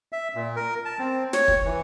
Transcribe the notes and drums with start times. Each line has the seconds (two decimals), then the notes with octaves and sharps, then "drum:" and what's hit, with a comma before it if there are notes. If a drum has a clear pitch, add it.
0.12 E5
0.35 A#2
0.56 A#4
0.85 A5
0.99 C4
1.33 C#5, drum: snare
1.48 drum: kick
1.65 E3